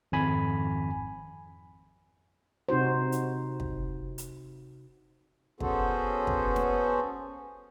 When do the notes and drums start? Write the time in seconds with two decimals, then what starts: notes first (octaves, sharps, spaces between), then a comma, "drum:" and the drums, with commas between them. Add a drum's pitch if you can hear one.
0.12 G#1 F2 G#5 B5
2.69 C3 D#4 F#4 C5
3.12 drum: hi-hat
3.60 drum: kick
4.18 drum: hi-hat
5.60 B3 C#4 F#4 G#4 A4 C5, drum: kick
6.27 drum: kick
6.56 drum: snare